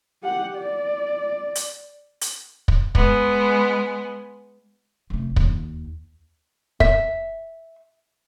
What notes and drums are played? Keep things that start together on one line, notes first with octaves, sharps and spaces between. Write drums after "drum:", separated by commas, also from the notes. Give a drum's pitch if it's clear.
G4 F#5
D5
drum: hi-hat
drum: hi-hat
drum: kick
G#3 B3 G#5, drum: kick
F1 A3
D#2, drum: kick
E5, drum: kick